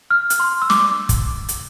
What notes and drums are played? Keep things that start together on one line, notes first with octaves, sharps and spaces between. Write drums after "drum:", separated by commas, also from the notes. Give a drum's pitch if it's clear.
F6
drum: hi-hat
C6
E6
D6, drum: snare
drum: kick, hi-hat
drum: hi-hat